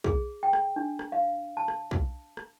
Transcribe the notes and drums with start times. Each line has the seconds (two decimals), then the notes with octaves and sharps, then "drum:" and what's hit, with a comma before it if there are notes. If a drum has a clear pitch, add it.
0.04 G#4, drum: kick
0.43 G5
0.53 drum: rim click
0.76 D4
0.99 drum: rim click
1.12 F5
1.57 A5
1.68 drum: rim click
1.91 drum: kick
2.37 drum: rim click